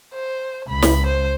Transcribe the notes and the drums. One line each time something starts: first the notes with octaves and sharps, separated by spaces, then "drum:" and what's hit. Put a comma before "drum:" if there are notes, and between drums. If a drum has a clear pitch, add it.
C5
C#2 B5
drum: snare
C5